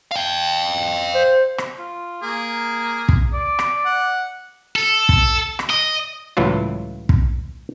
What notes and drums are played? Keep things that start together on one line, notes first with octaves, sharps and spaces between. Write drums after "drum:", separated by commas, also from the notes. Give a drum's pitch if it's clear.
F5 G5
C5
drum: rim click
F4
A#3 G#4
drum: kick
D5
drum: rim click
F#5
A4
drum: kick
drum: rim click
D#5
C#2 A2 E3 F#3 F4
drum: kick